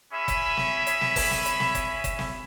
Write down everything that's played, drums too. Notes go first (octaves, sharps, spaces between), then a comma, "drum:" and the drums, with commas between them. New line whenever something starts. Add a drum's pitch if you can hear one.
C#4 E4 G#4 E5 B5
drum: kick F#1, hi-hat
drum: snare
drum: hi-hat
drum: snare
drum: kick F#1, open hi-hat
drum: snare
drum: hi-hat
drum: snare
drum: kick F#1, hi-hat
drum: kick F#1, hi-hat
drum: snare